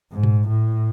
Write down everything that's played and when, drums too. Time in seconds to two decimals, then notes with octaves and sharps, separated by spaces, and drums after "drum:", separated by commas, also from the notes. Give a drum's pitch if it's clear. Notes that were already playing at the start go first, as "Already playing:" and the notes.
0.12 G#2
0.23 drum: tom A#2
0.48 A2